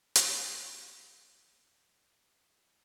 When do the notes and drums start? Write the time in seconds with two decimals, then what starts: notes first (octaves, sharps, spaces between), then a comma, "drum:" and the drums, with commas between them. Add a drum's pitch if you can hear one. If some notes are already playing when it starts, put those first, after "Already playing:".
0.16 drum: hi-hat
1.12 F#3 B3 C4
1.33 A3 A#3 D4
1.56 C#4 C#5
2.16 D#4 G#4
2.31 E3 B3 E4 B4 C#5 E5 A6
2.56 D#4 D#5